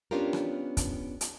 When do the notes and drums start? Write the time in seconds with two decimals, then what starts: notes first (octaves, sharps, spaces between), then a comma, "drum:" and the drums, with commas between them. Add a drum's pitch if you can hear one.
0.11 B3 C#4 D4 F4 G4 A#4
0.33 drum: rim click
0.77 drum: kick, hi-hat
1.21 drum: hi-hat